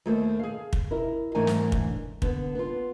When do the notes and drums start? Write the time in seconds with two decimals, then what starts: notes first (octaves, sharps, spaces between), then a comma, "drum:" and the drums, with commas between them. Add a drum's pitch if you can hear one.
0.06 D#2 A3 A4 A#4 C5
0.39 G#4 F5
0.73 drum: kick
0.91 E4 A#4
1.35 G#2 E3 A3 D4 A#4 G#5
1.47 drum: snare
1.72 drum: kick
2.22 D3 B3, drum: kick
2.55 B3 F4